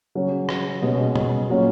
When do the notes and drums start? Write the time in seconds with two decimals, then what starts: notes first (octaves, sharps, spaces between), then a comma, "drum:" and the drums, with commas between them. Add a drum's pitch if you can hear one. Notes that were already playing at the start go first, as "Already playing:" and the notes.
0.15 C#3 F#3 C#4
0.49 drum: rim click
0.82 B2 G#3 C#4
1.16 drum: tom
1.50 A#2 F#3 C#4